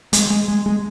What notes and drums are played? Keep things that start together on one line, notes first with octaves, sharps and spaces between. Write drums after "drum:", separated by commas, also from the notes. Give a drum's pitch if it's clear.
G#3, drum: hi-hat
G#3
G#3
G#3